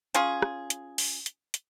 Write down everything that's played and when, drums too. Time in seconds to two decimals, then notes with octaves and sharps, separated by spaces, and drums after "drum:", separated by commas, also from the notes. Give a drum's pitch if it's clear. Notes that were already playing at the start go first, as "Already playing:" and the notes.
0.15 C#4 F4 G#4, drum: hi-hat
0.42 drum: rim click
0.70 drum: hi-hat
0.98 drum: open hi-hat
1.26 drum: hi-hat
1.54 drum: hi-hat